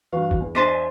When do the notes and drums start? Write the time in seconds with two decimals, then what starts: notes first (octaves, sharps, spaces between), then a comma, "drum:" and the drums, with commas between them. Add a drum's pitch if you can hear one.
0.13 G2 E3 F#4 F5
0.31 drum: kick
0.40 E2
0.55 D4 C5 D#5 E5 G#5 A5